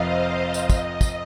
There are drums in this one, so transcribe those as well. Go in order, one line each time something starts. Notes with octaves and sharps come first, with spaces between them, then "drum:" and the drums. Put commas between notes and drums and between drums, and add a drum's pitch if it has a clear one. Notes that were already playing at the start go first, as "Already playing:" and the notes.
Already playing: F1 F2 F3 C4 C5 D#5 F5
D#5
D#5, drum: tambourine
drum: kick, tambourine
D#5
drum: kick, tambourine